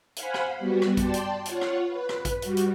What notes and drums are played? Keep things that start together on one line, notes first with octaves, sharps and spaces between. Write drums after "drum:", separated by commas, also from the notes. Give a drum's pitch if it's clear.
C5 F5 F#5 G#5 B5, drum: hi-hat
drum: rim click
G3 B3 F#4
drum: rim click
D5 G5 A5 C6, drum: kick A1, hi-hat
drum: hi-hat
F4 C#5 F#5, drum: hi-hat
drum: rim click
B4
drum: rim click
drum: kick A1, hi-hat
G3 F#4, drum: hi-hat
drum: hi-hat